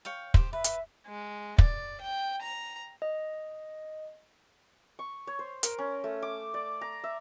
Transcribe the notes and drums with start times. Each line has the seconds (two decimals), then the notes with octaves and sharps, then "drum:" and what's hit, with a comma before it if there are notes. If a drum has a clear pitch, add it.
0.05 C#5 F5 G5
0.34 G4 C5, drum: kick
0.53 B4 E5
0.64 drum: hi-hat
1.06 G#3
1.58 D5, drum: kick
2.01 G5
2.42 A#5
3.02 D#5
4.99 C#6
5.27 C#5
5.39 C5
5.63 A#4, drum: hi-hat
5.78 C#4
6.04 A3
6.22 D6
6.54 D5
6.81 A#5
7.04 E5